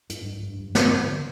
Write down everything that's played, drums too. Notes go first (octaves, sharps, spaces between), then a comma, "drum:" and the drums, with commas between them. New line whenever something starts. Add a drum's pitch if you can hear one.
G2, drum: hi-hat
G2
G2
G2
G2, drum: snare
G2
D3